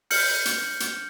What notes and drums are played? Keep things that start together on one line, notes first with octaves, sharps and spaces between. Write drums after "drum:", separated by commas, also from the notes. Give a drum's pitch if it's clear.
F6 G6 C#7 F#7, drum: open hi-hat
drum: hi-hat
drum: hi-hat